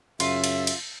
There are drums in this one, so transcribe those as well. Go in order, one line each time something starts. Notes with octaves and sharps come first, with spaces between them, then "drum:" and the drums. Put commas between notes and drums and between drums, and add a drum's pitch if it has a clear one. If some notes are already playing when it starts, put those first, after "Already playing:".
F#2 C#3 F4 E5, drum: cymbal
drum: cymbal
drum: cymbal